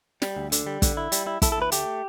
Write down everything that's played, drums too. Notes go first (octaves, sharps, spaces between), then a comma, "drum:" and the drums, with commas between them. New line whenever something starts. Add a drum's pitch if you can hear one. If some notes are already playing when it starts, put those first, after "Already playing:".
G3, drum: snare
D2
D3, drum: hi-hat
G3
D3, drum: kick, hi-hat
E4
G3, drum: hi-hat
E4
E4 A4, drum: kick, hi-hat
A4
D2 B4
A3 G4, drum: hi-hat